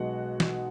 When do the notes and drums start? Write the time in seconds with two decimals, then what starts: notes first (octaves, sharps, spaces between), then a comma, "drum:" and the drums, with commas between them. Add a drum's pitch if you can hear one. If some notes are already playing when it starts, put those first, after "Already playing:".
Already playing: B1 B2 G#3 F#4 F#5
0.40 drum: snare